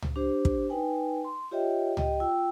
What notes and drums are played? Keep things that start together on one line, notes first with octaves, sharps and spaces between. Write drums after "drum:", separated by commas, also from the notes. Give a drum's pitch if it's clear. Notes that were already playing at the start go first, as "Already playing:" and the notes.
drum: tom C#2
D4 G4 C5
drum: kick
D#4 B4 G5 G#5
C6
F4 G4 C#5 D#5 E5 G5
G4 D#5 G5, drum: tom C#2
F4 G5 E6